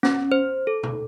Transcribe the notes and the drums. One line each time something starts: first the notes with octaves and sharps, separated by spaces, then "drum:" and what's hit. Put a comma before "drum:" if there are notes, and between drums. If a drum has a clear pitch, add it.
C#4, drum: snare
C5
A4
drum: tom B2